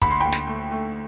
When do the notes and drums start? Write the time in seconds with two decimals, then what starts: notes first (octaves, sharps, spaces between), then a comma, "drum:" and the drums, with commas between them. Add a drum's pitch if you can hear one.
0.02 D2 B5, drum: kick, hi-hat
0.11 C6
0.20 D2 G5 B5
0.32 drum: snare
0.47 A3
0.71 A3